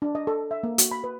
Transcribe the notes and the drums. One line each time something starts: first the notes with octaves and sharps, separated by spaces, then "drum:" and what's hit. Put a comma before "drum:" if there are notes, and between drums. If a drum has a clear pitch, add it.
D4
D#5
A4
E5
A#3
F#4, drum: hi-hat
B5
B4